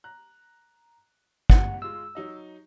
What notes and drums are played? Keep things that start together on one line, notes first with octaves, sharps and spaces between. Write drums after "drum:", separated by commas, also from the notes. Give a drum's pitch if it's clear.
A#5 F#6
E2 G2 F#5, drum: kick
G#3 F4 E6
F#3 D#4 D#5